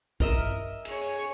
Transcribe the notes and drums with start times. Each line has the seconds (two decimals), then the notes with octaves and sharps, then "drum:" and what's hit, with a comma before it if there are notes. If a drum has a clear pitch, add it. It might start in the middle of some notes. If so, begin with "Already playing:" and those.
0.20 A#4 D#5 E5, drum: kick
0.85 G#4 C#5, drum: cymbal